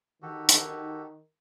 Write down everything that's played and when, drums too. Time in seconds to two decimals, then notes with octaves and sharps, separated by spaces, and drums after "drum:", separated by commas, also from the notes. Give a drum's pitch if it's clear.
0.22 D#3 F#4 G4 A4
0.49 drum: hi-hat